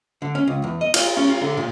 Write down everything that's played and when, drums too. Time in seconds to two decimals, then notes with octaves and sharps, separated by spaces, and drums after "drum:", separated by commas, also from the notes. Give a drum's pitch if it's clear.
0.22 D3
0.35 C#4
0.48 C#2
0.64 E2
0.81 D#5
0.94 F4, drum: cymbal
1.17 C#4
1.30 F4
1.41 D3
1.57 A#2